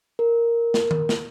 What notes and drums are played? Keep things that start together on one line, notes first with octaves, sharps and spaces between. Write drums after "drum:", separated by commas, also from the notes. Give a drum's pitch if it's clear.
A#4
drum: snare
drum: tom D#3
drum: snare